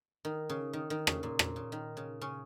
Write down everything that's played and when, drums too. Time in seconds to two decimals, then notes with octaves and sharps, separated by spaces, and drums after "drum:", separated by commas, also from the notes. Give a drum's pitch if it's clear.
0.25 D#3
0.49 C#3
0.73 D#3
0.90 D#3
1.07 C#3, drum: rim click
1.23 A#2
1.39 A#2, drum: rim click
1.56 C#3
1.72 D#3
1.97 C#3
2.21 C#3 C#4